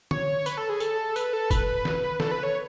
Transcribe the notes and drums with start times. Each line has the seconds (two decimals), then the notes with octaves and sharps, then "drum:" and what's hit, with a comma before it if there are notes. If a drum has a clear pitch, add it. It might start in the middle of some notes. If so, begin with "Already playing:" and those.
0.11 C#5, drum: tom
0.46 B4, drum: tambourine
0.58 A4
0.69 G#4
0.80 A4, drum: tambourine
1.16 B4, drum: tambourine
1.33 A4
1.51 B4, drum: kick, tambourine
1.85 drum: snare
2.20 A4, drum: snare
2.31 B4
2.43 C#5